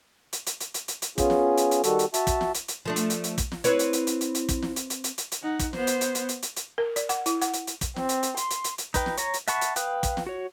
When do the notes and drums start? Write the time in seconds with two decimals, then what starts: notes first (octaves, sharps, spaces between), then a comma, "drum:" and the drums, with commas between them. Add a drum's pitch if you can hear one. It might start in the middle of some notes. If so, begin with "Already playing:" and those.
0.33 drum: hi-hat
0.47 drum: hi-hat
0.60 drum: hi-hat
0.74 drum: hi-hat
0.88 drum: hi-hat
1.02 drum: hi-hat
1.18 B3 C#4 F4 G#4, drum: kick, hi-hat
1.30 drum: snare
1.58 drum: hi-hat
1.71 drum: hi-hat
1.84 D#3 G3 F#4 A4, drum: hi-hat
1.99 drum: hi-hat
2.14 F#4 E5 A5, drum: hi-hat
2.27 drum: kick, hi-hat
2.41 drum: snare
2.55 drum: hi-hat
2.68 drum: hi-hat
2.85 F3 A3 D4
2.96 drum: hi-hat
3.10 drum: hi-hat
3.24 drum: hi-hat
3.38 drum: kick, hi-hat
3.52 drum: snare
3.64 C4 E4 B4 C#5, drum: hi-hat
3.79 drum: hi-hat
3.93 drum: hi-hat
4.07 drum: hi-hat
4.21 drum: hi-hat
4.35 drum: hi-hat
4.49 drum: kick, hi-hat
4.62 drum: snare
4.76 drum: hi-hat
4.90 drum: hi-hat
5.04 drum: hi-hat
5.18 drum: hi-hat
5.32 drum: hi-hat
5.42 D#4 F#5
5.59 drum: kick, hi-hat
5.73 B3 C5, drum: snare
5.87 drum: hi-hat
6.01 drum: hi-hat
6.15 drum: hi-hat
6.29 drum: hi-hat
6.43 drum: hi-hat
6.56 drum: hi-hat
6.78 A#4
6.96 D5, drum: hi-hat
7.09 F#5, drum: hi-hat
7.26 E4, drum: hi-hat
7.42 F#5, drum: hi-hat
7.54 drum: hi-hat
7.67 drum: hi-hat
7.81 drum: kick, hi-hat
7.96 C4, drum: snare
8.09 drum: hi-hat
8.23 drum: hi-hat
8.37 C6, drum: hi-hat
8.51 drum: hi-hat
8.64 drum: hi-hat
8.78 drum: hi-hat
8.94 D#4 B4 G5, drum: kick, hi-hat
9.06 drum: snare
9.17 C#5 A#5, drum: hi-hat
9.34 drum: hi-hat
9.48 E5 F#5 A5 B5 C#6, drum: hi-hat
9.61 drum: hi-hat
9.76 B4 F5 G5 D#6 F#6, drum: hi-hat
10.03 drum: kick, hi-hat
10.17 drum: snare
10.27 F#4 C#5